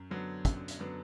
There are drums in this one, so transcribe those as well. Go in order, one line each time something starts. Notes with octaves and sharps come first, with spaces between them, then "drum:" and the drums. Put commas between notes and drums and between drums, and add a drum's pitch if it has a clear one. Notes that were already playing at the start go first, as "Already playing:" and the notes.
Already playing: F#2
D3 F#3 B3 D4
F#2, drum: kick, hi-hat
drum: hi-hat
D3 F#3 B3 D4